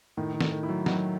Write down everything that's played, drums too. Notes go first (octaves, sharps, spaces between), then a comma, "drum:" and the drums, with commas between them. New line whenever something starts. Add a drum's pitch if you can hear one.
A2 D#3
D#3
A3, drum: snare
D#3
E4
F#3
D#3 F#3, drum: snare